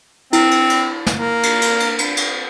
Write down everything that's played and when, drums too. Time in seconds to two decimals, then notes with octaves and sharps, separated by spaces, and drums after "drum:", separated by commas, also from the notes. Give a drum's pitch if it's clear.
0.33 C4 E4, drum: cymbal
0.51 drum: cymbal
0.70 drum: cymbal
1.06 drum: snare
1.18 A#3
1.43 drum: cymbal
1.62 drum: cymbal
1.80 drum: cymbal
1.98 drum: cymbal
2.17 drum: cymbal